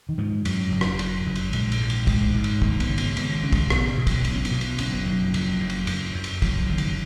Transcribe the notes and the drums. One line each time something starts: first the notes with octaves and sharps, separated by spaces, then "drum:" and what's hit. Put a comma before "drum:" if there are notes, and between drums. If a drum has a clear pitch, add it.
D#3
G#2 F3
F#2 F#3, drum: cymbal
F#1
drum: rim click
F#2, drum: cymbal
F#1
drum: cymbal
A#1 G#3, drum: cymbal
drum: cymbal
G#2
drum: cymbal
G#2 G#3, drum: kick, cymbal
G#2
drum: cymbal
G#1 A#3, drum: kick
B3, drum: cymbal
C#3
B3, drum: cymbal
G#1 B3, drum: cymbal
C#3 C#4
drum: kick, cymbal
B2 B3, drum: rim click
B2
drum: kick, cymbal
B1 B3, drum: cymbal
C#4
B3, drum: cymbal
B2
drum: cymbal
F#1 C#4, drum: cymbal
B3
F#2 D#3
F3
F#1, drum: cymbal
F#2
drum: cymbal
F#2, drum: cymbal
F#2
drum: cymbal
F#1 F3, drum: kick, cymbal
F#1 D#3
drum: cymbal